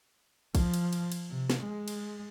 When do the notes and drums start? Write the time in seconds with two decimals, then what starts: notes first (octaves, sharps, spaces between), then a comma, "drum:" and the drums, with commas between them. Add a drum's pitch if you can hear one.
0.55 F3, drum: kick, cymbal
0.74 drum: cymbal
0.93 drum: cymbal
1.12 drum: cymbal
1.29 C3
1.50 drum: snare
1.61 G#3
1.88 drum: cymbal